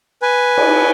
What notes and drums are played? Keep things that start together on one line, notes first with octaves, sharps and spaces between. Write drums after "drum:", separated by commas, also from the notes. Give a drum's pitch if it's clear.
B4 G#5
drum: cymbal